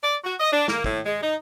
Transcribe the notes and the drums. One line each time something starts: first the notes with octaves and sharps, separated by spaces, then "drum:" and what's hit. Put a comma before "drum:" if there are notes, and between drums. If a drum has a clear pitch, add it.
D5
F#4
D#5
D4
A#3, drum: snare
A2, drum: kick
G#3
D#4